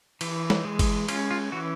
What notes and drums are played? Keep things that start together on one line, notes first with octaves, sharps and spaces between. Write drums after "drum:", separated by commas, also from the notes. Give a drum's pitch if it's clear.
E3, drum: cymbal
drum: snare
G#3
drum: kick G1, cymbal
C#4 F4, drum: cymbal
F4
E3 F#4